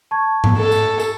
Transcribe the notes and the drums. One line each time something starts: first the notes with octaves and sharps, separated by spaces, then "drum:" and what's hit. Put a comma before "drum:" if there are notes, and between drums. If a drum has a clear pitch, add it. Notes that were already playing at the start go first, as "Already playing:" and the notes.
A5 C#6 G#6
drum: tom G#2
A4
drum: tambourine
drum: tambourine